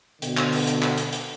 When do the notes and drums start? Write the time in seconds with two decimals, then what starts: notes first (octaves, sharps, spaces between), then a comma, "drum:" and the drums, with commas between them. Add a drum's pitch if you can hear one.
0.22 B2 D3, drum: hi-hat
0.37 drum: clap
0.52 drum: open hi-hat
0.67 drum: hi-hat
0.82 drum: clap
0.98 drum: hi-hat
1.13 drum: hi-hat